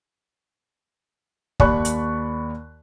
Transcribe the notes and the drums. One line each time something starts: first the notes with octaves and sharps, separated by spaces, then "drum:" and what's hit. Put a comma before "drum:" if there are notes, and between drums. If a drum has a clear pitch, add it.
D#2 D5 B5 C#6 F#6, drum: kick
drum: hi-hat